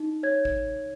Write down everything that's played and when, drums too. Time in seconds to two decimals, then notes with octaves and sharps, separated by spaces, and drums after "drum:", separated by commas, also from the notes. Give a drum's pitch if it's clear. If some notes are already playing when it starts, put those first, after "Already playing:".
Already playing: D#4
0.23 C#5 G#6
0.45 drum: kick G#1